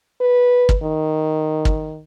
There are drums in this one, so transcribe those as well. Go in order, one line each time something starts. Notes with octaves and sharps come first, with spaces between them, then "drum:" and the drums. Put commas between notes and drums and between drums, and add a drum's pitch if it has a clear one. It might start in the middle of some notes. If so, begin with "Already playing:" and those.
B4
drum: kick
D#3
drum: kick